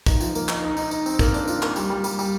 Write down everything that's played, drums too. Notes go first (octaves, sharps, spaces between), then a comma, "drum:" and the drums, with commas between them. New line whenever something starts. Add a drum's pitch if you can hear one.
D#4, drum: kick, tambourine
F3, drum: tambourine
A#3, drum: tambourine
D#4, drum: clap
D#4
D#4, drum: tambourine
D#4, drum: tambourine
C4, drum: tambourine
A#3, drum: kick, tambourine
D4, drum: tambourine
F4, drum: tambourine
A#3, drum: clap
G3, drum: tambourine
G3
G3, drum: tambourine
G3, drum: tambourine